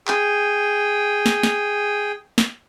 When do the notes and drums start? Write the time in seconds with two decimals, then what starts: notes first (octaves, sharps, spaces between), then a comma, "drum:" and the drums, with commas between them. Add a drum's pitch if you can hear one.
0.08 G#4 G5, drum: clap
1.26 drum: snare
1.43 drum: snare
2.38 drum: snare